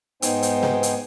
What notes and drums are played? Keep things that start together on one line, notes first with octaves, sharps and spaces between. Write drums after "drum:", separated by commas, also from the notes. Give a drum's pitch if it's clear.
G#2 B3 D#4 C5 G5 G#5, drum: hi-hat
drum: hi-hat
drum: snare B3
drum: hi-hat